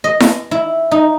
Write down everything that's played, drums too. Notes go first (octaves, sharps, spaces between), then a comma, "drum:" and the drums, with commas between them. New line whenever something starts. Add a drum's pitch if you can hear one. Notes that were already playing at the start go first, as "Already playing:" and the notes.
D#5
drum: snare E4
E4
D#4